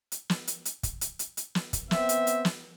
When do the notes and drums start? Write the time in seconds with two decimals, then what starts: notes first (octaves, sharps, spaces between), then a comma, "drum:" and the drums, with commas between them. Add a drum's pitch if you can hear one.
0.12 drum: hi-hat
0.30 drum: snare
0.47 drum: hi-hat
0.65 drum: hi-hat
0.83 drum: kick, hi-hat
1.01 drum: hi-hat
1.19 drum: hi-hat
1.37 drum: hi-hat
1.55 drum: snare
1.73 drum: kick, hi-hat
1.91 B3 C4 E5, drum: snare
2.09 drum: hi-hat
2.27 drum: hi-hat
2.45 drum: snare